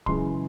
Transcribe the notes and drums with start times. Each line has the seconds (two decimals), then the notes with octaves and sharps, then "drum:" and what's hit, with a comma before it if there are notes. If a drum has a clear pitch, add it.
0.06 F#2 C#3 E3 G#3 C6, drum: kick D1